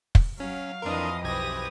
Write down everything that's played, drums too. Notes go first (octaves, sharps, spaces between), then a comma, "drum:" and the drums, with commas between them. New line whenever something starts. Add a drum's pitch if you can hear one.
drum: kick
F#3 C#4 F5
F2 E3 D4 A#4 D#5 C6 D#6
B1 E3 C4 G4 B4 D#6 G#6 A#6